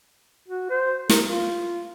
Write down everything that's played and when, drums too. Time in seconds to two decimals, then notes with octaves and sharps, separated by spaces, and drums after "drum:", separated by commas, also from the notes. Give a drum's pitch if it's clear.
0.48 F#4
0.70 C5
1.09 A#4, drum: snare
1.26 F4